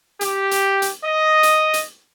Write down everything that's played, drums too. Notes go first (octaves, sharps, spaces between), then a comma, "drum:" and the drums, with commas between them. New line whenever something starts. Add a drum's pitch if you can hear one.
G4, drum: hi-hat
drum: hi-hat
drum: hi-hat
D#5
drum: hi-hat
drum: hi-hat